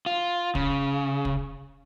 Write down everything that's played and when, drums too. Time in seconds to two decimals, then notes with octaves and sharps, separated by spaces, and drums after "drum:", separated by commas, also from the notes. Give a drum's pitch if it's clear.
0.06 F4
0.55 C#3, drum: kick
1.25 drum: kick